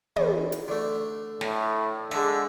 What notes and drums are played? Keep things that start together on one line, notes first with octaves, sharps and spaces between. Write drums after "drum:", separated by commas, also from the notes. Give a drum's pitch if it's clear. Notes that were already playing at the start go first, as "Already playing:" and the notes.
E2, drum: tom
drum: hi-hat
D3 A3
A2, drum: snare
D3 G#3 E5, drum: snare